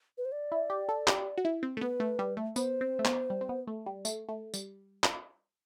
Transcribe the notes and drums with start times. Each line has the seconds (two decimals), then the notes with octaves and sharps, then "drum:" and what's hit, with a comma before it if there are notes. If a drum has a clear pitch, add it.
0.18 B4
0.25 C5
0.32 D5
0.52 E4
0.70 G4
0.89 A4
1.07 G4, drum: clap
1.38 F#4
1.45 E4
1.63 C4
1.77 A3
1.81 B3 B4
2.00 A3
2.19 G3
2.37 A3
2.56 B3 C5, drum: tambourine
2.81 C4
2.99 A3
3.05 B3, drum: clap
3.30 G3
3.41 C4
3.49 B3
3.67 A3
3.86 G3
4.05 A3, drum: tambourine
4.29 A3
4.54 G3, drum: tambourine
5.04 drum: clap